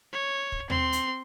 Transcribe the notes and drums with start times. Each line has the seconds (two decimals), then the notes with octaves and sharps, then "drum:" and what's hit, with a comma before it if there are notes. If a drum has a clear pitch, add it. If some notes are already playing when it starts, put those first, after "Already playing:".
0.13 C#5
0.52 drum: kick
0.70 C4 C6, drum: tom D#2
0.92 drum: hi-hat